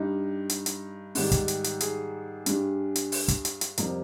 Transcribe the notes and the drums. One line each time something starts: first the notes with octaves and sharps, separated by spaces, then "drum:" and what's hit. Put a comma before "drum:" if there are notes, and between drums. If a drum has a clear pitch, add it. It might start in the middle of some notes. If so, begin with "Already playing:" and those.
Already playing: G2 G3 D#4
drum: hi-hat
drum: hi-hat
G#2 D#3 G3, drum: open hi-hat
drum: kick, hi-hat
drum: hi-hat
drum: hi-hat
G#4, drum: hi-hat
G2 G3, drum: hi-hat
drum: hi-hat
drum: open hi-hat
drum: kick, hi-hat
drum: hi-hat
drum: hi-hat
F2 C3 G3 A#4, drum: hi-hat